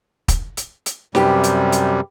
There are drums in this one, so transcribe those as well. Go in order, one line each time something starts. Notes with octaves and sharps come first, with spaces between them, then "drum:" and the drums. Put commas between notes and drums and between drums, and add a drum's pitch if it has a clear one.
drum: kick, hi-hat
drum: hi-hat
drum: hi-hat
F#2 C3 G3 G4 B4, drum: snare
drum: hi-hat
drum: hi-hat